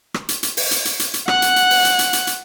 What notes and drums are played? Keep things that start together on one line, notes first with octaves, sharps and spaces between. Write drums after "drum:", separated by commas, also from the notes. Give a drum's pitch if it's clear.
drum: rim click
drum: hi-hat
drum: hi-hat
drum: open hi-hat
drum: hi-hat
drum: hi-hat
drum: hi-hat
drum: hi-hat
F#5 F#6, drum: rim click
drum: hi-hat
drum: hi-hat
drum: open hi-hat
drum: hi-hat
drum: hi-hat
drum: hi-hat
drum: hi-hat